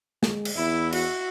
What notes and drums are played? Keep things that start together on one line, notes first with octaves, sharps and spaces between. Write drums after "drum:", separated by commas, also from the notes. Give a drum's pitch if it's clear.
G#3, drum: snare
drum: cymbal
E2 E4
F#4, drum: cymbal